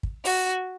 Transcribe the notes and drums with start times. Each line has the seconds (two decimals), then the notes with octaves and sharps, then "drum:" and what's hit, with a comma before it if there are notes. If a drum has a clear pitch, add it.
0.03 drum: kick
0.25 F#4, drum: open hi-hat